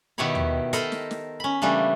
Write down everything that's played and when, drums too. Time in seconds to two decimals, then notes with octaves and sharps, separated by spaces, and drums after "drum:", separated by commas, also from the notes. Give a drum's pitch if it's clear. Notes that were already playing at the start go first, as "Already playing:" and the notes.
0.18 B2 D#3 E4 G4 C#5 B5
0.35 drum: tom D#2
0.73 A4 A#4 C5 D#5 B5, drum: hi-hat
0.92 drum: snare
1.11 drum: snare
1.40 C#4 B5
1.62 C#3 E3 G3 A3 A#3 D4